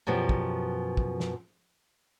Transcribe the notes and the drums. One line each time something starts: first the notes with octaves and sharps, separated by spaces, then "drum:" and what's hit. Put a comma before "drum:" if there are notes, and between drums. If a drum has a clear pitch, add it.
F#2 B2 F3 B3 G4
drum: kick
drum: kick
drum: snare